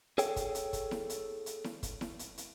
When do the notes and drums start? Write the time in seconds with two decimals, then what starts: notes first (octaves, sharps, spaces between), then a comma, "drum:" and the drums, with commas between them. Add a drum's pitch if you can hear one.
0.18 G#4 A4 C#5 G5, drum: hi-hat
0.36 drum: kick, hi-hat
0.55 drum: hi-hat
0.73 drum: kick, hi-hat
0.91 drum: snare E4
1.10 drum: hi-hat
1.46 drum: hi-hat
1.64 drum: snare E4
1.83 drum: kick, hi-hat
2.01 drum: snare E4
2.19 drum: hi-hat
2.38 drum: hi-hat